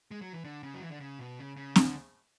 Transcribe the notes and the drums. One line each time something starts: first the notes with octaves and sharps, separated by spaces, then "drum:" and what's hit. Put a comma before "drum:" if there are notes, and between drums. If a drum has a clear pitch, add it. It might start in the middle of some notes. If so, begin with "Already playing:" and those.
G#3
F#3
E3
D3
C#3
F#3
E3
D3
C#3
B2
C#3
C#3
D3, drum: snare C4